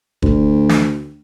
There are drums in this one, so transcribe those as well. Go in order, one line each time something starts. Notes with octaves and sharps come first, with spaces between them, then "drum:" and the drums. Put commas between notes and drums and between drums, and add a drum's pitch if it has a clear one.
D2, drum: kick
drum: snare